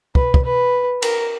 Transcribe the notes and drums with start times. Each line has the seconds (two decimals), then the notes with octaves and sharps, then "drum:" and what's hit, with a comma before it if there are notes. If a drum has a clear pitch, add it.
0.15 B4, drum: kick
0.34 drum: kick
0.44 B4
1.02 A#4, drum: cymbal